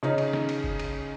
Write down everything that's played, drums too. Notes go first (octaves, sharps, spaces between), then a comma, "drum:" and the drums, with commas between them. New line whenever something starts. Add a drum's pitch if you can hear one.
C#3 C#4 D#4
drum: cymbal
drum: snare
drum: cymbal
drum: kick F#1
drum: cymbal